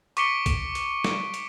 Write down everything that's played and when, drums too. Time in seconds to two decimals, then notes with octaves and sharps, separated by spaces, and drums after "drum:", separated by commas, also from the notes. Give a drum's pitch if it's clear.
0.17 C#6 D6 B6 C#7 D7 G7, drum: hi-hat
0.46 drum: kick A#1, hi-hat
0.75 drum: hi-hat
1.04 drum: snare
1.34 drum: hi-hat